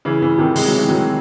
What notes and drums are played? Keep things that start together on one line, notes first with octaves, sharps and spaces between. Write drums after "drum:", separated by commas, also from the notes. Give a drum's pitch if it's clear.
C#3 E3
C#3 E3
C3 D#3
G#3, drum: open hi-hat
F#3
E3
D#3 F#3